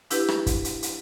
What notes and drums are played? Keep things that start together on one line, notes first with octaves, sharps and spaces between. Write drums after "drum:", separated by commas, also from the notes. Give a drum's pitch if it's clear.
D4 E4 G4 B4, drum: hi-hat
drum: rim click
drum: kick, hi-hat
drum: hi-hat
drum: hi-hat